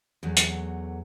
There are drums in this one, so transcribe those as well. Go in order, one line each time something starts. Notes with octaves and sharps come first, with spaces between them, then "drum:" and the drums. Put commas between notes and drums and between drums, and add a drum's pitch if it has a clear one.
E2 F#3 A3
drum: hi-hat